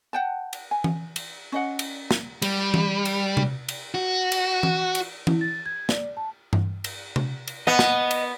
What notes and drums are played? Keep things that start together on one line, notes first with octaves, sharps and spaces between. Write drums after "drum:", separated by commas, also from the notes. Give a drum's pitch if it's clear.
F#5 G5 A5
drum: cymbal
G#5
drum: tom E3
drum: cymbal
C#4 D#5 F#5
drum: cymbal
drum: snare
G3, drum: cymbal
drum: tom E3
drum: cymbal
drum: tom C3
drum: cymbal
F#4
drum: cymbal
drum: tom E3
drum: cymbal
E4, drum: tom E3
A6
G#6
D5, drum: snare
A5
drum: tom G2
drum: cymbal
drum: tom C3
drum: cymbal
B3 D#5 F#5
drum: snare
drum: cymbal